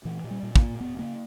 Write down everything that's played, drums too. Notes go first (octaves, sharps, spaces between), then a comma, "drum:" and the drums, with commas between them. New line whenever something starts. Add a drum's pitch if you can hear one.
A#2 E3
A#2
G3
A#2
A#3, drum: kick
A#2
E1 B3
C#3 A#3